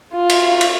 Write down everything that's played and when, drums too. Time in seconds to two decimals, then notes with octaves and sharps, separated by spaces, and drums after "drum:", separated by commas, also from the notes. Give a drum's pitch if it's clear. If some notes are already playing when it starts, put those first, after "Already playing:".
0.14 F4
0.30 drum: cymbal
0.61 drum: cymbal